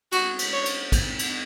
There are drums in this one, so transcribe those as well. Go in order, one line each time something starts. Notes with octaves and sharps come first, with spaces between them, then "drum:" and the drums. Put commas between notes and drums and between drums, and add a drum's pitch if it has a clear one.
F#4, drum: cymbal
drum: cymbal
C#5
drum: cymbal
drum: kick, cymbal
drum: cymbal